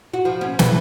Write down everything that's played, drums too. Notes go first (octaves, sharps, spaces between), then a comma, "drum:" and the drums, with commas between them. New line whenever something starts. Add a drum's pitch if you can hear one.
F#4
F3
C#4
E3, drum: snare